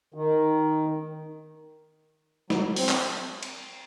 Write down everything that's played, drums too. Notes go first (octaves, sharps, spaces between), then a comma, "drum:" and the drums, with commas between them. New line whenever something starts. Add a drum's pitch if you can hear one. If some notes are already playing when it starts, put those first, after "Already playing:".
D#3
F#3, drum: snare
C4, drum: open hi-hat
drum: clap
drum: cymbal